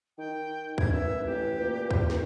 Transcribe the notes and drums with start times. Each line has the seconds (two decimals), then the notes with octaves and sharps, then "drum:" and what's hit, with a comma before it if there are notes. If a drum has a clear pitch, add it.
0.18 D#3 G5
0.78 D2 G#6, drum: kick
0.92 G#1 B4 E5
1.27 A1 G4
1.61 A#2
1.91 drum: kick
2.10 G#1 B4, drum: snare